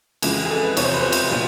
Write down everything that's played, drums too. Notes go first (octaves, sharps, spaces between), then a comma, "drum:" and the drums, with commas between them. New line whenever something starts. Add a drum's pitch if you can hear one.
F2 C#3 E3 G#3, drum: cymbal
G#4
A4
B4
E2 C3 F3 C#5, drum: cymbal
C5
B4
C5
drum: cymbal
A#2 G3 B3 D4